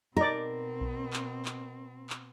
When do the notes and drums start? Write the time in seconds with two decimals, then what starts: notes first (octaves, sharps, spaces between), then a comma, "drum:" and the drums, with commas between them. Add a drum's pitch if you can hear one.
0.17 B2 C4 D#4 A#4 D5
0.81 drum: kick B1
1.13 drum: clap
1.45 drum: clap
2.10 drum: clap